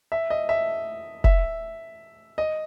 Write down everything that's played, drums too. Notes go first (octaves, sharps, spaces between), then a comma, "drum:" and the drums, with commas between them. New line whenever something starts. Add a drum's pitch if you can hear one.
E5
D#5
E5
E5, drum: kick
D#5